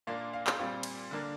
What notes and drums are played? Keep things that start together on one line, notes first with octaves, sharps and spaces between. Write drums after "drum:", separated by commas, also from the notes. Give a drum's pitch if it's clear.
A#2 A#3 D4 F5
F5
drum: clap
A#2 G3 C4 F5
drum: cymbal
D3 A#3 D4